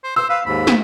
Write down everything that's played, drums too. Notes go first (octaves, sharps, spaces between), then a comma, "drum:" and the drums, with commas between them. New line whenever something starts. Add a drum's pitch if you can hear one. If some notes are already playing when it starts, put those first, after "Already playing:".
C5
C5 E6
B4 F5
D#2 G#2 B5
drum: snare